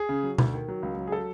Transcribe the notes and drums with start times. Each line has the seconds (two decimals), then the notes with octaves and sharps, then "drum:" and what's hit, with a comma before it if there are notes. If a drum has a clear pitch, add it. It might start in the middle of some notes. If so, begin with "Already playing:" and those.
Already playing: G#4
0.09 C#3
0.24 F#3
0.38 D2, drum: tom B2
0.54 D#3
0.68 F#3
0.83 C#2
0.97 F#3
1.07 G#4
1.12 A4